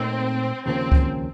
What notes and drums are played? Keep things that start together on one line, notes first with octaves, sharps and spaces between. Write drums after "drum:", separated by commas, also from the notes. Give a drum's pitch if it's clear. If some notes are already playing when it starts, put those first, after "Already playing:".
Already playing: A#2 A3 C4 D#4 A#4 C#5
D#2 C#3 F3 A#3 C4 C#4
drum: kick C#2